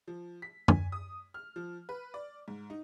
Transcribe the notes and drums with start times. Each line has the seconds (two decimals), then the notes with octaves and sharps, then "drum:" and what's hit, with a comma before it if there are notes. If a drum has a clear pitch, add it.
0.07 F3
0.42 B6
0.68 G#5, drum: tom
0.92 D#6
1.34 F6
1.56 F3
1.89 B4
2.14 D5
2.48 G#2
2.70 D#4